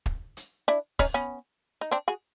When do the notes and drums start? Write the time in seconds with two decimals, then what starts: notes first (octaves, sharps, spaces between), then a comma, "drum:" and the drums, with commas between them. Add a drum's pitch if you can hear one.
0.06 drum: kick
0.37 drum: hi-hat
0.68 D4 E4
0.99 C#4 D#4, drum: kick, open hi-hat
1.14 B3 C#4
1.81 D#4
1.91 C4 D4
2.08 F#4 G#4